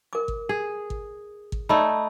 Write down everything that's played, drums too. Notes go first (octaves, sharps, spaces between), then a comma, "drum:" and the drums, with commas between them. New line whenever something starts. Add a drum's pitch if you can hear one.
A#4 D6
drum: kick
G#4
drum: kick
drum: kick
A3 D#4 D5 D#5 B5